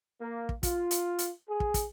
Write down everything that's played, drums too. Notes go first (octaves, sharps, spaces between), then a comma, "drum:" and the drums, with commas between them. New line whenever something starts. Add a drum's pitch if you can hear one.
A#3
drum: kick
F4, drum: kick, hi-hat
drum: hi-hat
drum: hi-hat
G#4
drum: kick
drum: kick, hi-hat